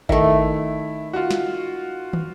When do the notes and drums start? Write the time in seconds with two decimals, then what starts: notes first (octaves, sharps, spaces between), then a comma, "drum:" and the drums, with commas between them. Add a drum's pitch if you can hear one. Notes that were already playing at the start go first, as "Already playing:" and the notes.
0.09 D#3 A3 E4, drum: kick G#1
1.13 F4 F#4
1.31 drum: snare
2.13 drum: tom